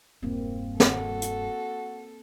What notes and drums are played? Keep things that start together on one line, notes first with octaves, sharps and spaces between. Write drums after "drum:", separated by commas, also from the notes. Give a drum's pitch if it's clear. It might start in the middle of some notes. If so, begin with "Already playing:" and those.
E1 G2 A#3 C4
F#4 A4, drum: snare
drum: hi-hat